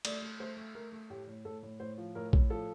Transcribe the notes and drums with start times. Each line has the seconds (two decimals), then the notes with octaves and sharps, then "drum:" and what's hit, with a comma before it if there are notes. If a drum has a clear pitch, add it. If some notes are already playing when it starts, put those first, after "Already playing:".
0.05 A3 D5, drum: cymbal
0.22 A3
0.40 A3 C5
0.57 A3
0.75 A3 A#4
0.92 A3
1.10 A2 G4
1.27 A2
1.45 A2 A4
1.63 A2
1.80 A2 C5
1.98 F3
2.15 A2 A#4
2.33 A2, drum: kick A#1
2.50 F3 A4